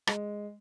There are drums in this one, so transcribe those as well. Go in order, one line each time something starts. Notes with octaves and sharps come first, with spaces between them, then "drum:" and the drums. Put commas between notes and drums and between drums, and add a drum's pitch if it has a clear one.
G#3, drum: rim click